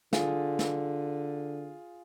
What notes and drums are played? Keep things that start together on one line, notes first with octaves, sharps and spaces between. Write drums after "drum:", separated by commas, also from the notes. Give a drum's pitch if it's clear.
D3 F4 G#4, drum: snare
drum: snare